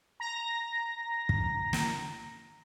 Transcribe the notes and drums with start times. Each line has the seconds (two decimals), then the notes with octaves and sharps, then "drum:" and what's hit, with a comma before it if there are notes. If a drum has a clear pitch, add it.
0.20 A#5 A#6
1.29 drum: kick
1.73 drum: snare